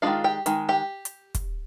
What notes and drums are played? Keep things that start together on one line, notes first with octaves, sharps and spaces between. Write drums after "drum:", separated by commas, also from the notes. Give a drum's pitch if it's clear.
D#3 G#3 D4 F4 F5
G4 G5
D#3 G#3, drum: hi-hat
G4 G5
drum: hi-hat
drum: kick, hi-hat